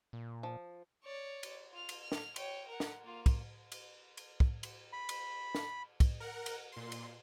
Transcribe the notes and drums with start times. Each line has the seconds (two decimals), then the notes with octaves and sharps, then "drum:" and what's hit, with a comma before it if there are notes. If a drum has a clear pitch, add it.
0.13 A#2
0.43 F3
1.03 C#5 D5
1.43 drum: cymbal
1.72 F4 F6
1.89 drum: cymbal
2.02 F6
2.12 drum: snare
2.36 C#5 G5, drum: cymbal
2.68 A#4 F#5
2.80 drum: snare
3.03 A#3 F4
3.26 drum: kick, cymbal
3.72 drum: cymbal
4.17 drum: cymbal
4.40 drum: kick
4.63 drum: cymbal
4.93 B5
5.09 drum: cymbal
5.55 drum: snare
6.00 drum: kick, cymbal
6.20 A#4 F#5
6.46 drum: cymbal
6.72 A#2 C6
6.92 drum: cymbal